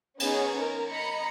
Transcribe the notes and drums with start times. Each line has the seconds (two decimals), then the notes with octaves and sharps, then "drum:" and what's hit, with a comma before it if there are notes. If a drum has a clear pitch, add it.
0.20 B3 C#4 D#4 G#4, drum: cymbal
0.60 A#4
0.92 D#5 A#5 B5 C#7